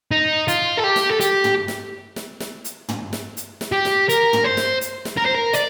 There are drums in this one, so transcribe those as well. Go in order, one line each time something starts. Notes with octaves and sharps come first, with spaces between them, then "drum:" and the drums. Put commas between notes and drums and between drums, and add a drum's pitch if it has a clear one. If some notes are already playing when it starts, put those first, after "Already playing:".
D#4
F4, drum: hi-hat
A4
G4
drum: snare
A4
G4, drum: hi-hat
drum: tom
drum: snare
drum: snare
drum: snare
drum: hi-hat
drum: tom
drum: snare
drum: hi-hat
drum: snare
G4
drum: snare
A#4, drum: hi-hat
drum: tom
C5
drum: snare
drum: hi-hat
drum: snare
A#4
C5
A#4
D5, drum: hi-hat